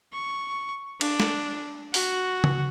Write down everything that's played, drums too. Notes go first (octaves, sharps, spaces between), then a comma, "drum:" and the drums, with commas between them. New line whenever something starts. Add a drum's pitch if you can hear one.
C#6
D4, drum: cymbal
drum: snare
F#4, drum: open hi-hat
drum: tom